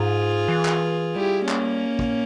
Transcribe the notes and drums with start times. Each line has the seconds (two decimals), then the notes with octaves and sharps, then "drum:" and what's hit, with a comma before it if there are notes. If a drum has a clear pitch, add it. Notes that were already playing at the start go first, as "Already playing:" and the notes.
Already playing: G#2 F4 G#4
0.48 E3
0.65 drum: clap
1.15 G3 E4 G4
1.49 A#3 C#4, drum: clap
1.99 drum: kick